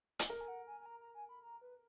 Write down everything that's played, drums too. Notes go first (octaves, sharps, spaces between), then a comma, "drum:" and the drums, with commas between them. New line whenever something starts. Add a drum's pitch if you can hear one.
G#5, drum: hi-hat
A#4 A#5
G#5
F#5
G#5
G#5
A#5
A#5
G#5
B5
A#5
B4